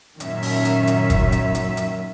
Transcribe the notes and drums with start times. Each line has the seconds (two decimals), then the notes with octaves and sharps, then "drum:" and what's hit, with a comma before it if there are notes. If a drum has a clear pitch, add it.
0.20 F#2 A#2 D#3 C#4 E5, drum: hi-hat
0.42 drum: open hi-hat
0.65 drum: hi-hat
0.87 drum: hi-hat
1.10 drum: kick, hi-hat
1.32 drum: hi-hat
1.55 drum: hi-hat
1.77 drum: hi-hat